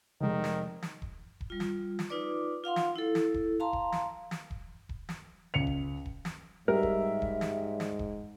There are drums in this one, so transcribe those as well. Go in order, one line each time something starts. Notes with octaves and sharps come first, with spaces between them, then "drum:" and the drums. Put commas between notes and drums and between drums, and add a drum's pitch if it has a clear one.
F1 D#3 G#3
drum: snare
drum: snare
drum: kick D#1
drum: kick D#1
G3 F4
drum: snare
drum: snare
D#4 F4 B4 D5 D6
F4 F5 F#5 C6
drum: snare
E4 A4
drum: snare
drum: kick D#1
F5 A5 A#5 C6
drum: kick D#1
drum: snare
drum: snare
drum: kick D#1
drum: kick D#1
drum: snare
C#2 C#7 F7
drum: kick D#1
drum: kick D#1
drum: snare
G#2 G3 A#4 E5
drum: kick D#1
drum: kick D#1
drum: snare
drum: snare
drum: kick D#1